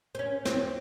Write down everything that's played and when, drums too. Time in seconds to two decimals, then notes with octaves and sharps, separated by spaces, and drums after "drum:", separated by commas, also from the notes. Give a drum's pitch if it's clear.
0.15 C4
0.19 C#4
0.45 C4, drum: snare